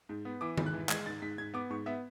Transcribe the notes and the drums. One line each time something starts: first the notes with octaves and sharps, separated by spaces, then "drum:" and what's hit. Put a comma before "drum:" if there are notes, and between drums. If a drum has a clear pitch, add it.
G#2
B3
E3 D6
G#2, drum: tom D#3
F#6
E3
G#3 G#6, drum: clap
G#2 A6
G#2 B6
G#2 G#6
B3 D6
G#2 C#6
B3 E5